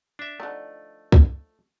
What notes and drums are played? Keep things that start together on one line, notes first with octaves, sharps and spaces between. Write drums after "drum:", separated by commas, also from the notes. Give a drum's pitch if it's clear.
D4 E5
D3 F3 A3 D#4
drum: kick C2